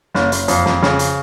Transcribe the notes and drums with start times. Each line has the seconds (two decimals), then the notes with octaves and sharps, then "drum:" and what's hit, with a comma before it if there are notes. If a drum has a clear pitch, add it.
0.15 F#1, drum: snare
0.32 F#1, drum: hi-hat
0.48 F2, drum: hi-hat
0.66 F2, drum: snare
0.82 C#3, drum: snare
0.99 drum: hi-hat